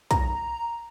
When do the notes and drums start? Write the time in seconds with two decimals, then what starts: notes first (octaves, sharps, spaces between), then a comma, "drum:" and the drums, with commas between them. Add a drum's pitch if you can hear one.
0.11 A#5, drum: kick, hi-hat